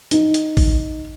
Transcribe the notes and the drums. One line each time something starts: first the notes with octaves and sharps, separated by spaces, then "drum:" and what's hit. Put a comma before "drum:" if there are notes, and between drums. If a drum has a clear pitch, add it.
D#4, drum: hi-hat
drum: hi-hat
drum: kick A1, open hi-hat